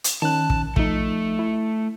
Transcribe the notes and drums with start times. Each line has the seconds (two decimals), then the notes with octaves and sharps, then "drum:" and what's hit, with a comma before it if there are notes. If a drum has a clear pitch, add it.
0.04 drum: hi-hat
0.22 D#3 C#4 A5 F#6
0.50 drum: kick
0.76 F3 A3 D#4, drum: kick
1.39 E4